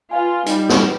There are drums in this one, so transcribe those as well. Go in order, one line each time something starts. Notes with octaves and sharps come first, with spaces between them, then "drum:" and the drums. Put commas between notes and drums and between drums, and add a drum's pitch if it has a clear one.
F4 B4 F5 G#5
G3 D#4, drum: hi-hat
drum: snare
B4